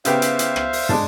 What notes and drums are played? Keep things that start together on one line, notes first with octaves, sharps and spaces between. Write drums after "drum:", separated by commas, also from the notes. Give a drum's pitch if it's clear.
C#3 B3 G4 C5 E5 F5, drum: hi-hat
drum: hi-hat
drum: hi-hat
drum: rim click
drum: open hi-hat
G#3 D4 A5, drum: tom